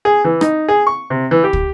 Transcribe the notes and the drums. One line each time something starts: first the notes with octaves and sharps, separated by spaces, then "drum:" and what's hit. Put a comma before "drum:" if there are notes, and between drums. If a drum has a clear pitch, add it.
G#4
E3
D#4, drum: rim click
G#4
C#6
C3
E3
G4
drum: kick